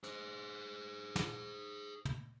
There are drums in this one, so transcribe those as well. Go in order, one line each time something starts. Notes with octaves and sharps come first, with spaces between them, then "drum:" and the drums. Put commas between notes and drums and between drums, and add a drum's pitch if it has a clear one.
G#4 C5, drum: hi-hat
drum: snare
drum: tom